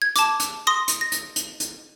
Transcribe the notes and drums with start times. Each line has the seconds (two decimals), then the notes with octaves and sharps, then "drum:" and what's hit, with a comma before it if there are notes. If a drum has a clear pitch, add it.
0.02 G#6
0.16 A5 D6, drum: hi-hat
0.40 drum: hi-hat
0.67 C6 D#6 A#6
0.88 drum: hi-hat
1.01 A#6
1.12 drum: hi-hat
1.36 drum: hi-hat
1.60 drum: hi-hat